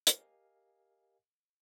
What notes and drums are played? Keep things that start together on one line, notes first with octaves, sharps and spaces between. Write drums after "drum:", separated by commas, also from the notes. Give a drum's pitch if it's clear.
G4 A#4 D#5 F5 G#5, drum: hi-hat